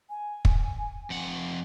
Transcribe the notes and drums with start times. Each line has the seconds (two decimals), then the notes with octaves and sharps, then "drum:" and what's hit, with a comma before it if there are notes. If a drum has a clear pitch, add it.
0.10 G#5
0.45 drum: kick
1.10 F2 F#5